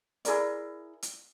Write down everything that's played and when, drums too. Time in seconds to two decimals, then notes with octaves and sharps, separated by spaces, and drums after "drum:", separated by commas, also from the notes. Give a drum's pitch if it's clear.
0.25 E4 G#4 A#4 D5, drum: hi-hat
1.02 drum: hi-hat